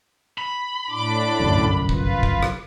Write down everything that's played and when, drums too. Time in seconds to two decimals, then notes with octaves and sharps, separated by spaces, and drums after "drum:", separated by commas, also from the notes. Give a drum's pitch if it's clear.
0.38 B5
0.89 A2 D4 D6
1.40 G1 C2 F#2
1.89 F4 B4, drum: kick
2.23 drum: kick
2.43 drum: rim click